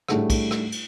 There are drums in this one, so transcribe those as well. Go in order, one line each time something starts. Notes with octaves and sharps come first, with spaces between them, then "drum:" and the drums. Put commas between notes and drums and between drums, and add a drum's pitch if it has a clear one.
A2 G3 A3 D4 G#4 F#5, drum: rim click
drum: kick, cymbal
drum: rim click
drum: cymbal